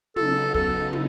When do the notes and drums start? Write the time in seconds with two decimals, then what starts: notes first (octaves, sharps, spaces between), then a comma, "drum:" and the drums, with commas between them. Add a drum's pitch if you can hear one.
0.16 C#3 F#3 B3 D#4 A4, drum: tom
0.54 A4, drum: kick
0.93 drum: tom